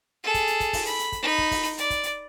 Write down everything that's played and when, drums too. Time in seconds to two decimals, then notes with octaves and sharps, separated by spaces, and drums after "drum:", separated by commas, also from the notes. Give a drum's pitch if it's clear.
0.23 G#4 A4
0.34 drum: kick, hi-hat
0.47 drum: hi-hat
0.60 drum: kick, hi-hat
0.73 drum: kick, open hi-hat
0.86 B5, drum: hi-hat
0.99 drum: hi-hat
1.12 drum: kick, hi-hat
1.22 D#4 B5
1.38 drum: kick
1.51 drum: kick, open hi-hat
1.64 drum: hi-hat
1.78 D5, drum: hi-hat
1.90 drum: kick, hi-hat
2.03 drum: hi-hat